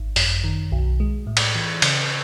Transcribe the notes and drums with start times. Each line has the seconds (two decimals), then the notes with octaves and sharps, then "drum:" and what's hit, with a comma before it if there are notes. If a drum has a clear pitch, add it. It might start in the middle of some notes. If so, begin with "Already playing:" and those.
Already playing: G#1
0.16 F#2, drum: open hi-hat
0.44 D#3
0.72 B1
1.00 G#3
1.27 A2
1.37 drum: cymbal
1.55 E3
1.82 C#3, drum: cymbal